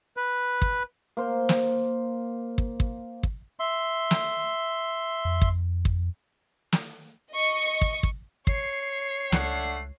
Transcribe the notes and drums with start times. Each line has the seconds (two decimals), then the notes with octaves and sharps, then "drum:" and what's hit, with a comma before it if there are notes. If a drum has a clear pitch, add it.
0.17 B4
0.62 drum: kick
1.17 A#3 C5
1.49 drum: snare
2.58 drum: kick
2.80 drum: kick
3.23 drum: kick
3.59 E5 C6
4.11 drum: snare
5.25 F2
5.42 drum: kick
5.85 drum: kick
6.72 drum: snare
7.32 D#5 C#6
7.82 drum: kick
8.03 drum: kick
8.47 C#5 C7, drum: kick
9.32 C#2 A3 D4 F#5, drum: snare